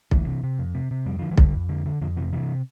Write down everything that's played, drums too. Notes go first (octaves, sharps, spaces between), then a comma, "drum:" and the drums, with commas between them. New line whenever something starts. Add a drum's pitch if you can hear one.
D2 E3, drum: kick B1
C3
C3
F2
C3
C3
F2 G3
D3 F3
E3 G3
D3, drum: kick B1
F2
D3
D3
F2 D3 F3
C3 E3
C3 E3